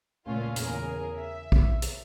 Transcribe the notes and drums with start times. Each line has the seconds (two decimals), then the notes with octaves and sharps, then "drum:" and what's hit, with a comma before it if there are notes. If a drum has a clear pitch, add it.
0.25 C#2 A#2 A3 C#4 F4
0.56 E2 C#3 G#4 A#4, drum: hi-hat
1.14 E5
1.52 drum: kick
1.82 drum: hi-hat